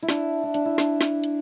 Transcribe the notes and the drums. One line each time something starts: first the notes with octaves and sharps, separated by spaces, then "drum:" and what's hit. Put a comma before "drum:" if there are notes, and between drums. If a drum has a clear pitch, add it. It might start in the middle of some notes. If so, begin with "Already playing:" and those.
E4
D4, drum: snare
E4
D4, drum: hi-hat
E4
D4, drum: snare
drum: snare
drum: hi-hat